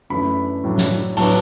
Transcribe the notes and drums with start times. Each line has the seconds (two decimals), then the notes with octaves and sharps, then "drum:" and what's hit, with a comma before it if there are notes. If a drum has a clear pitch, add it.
0.10 F#2 E3 A3 D4 B5
0.64 A2 F#3 A3 D4
0.78 drum: snare
1.17 A2 F#3 B3 D4 A5, drum: open hi-hat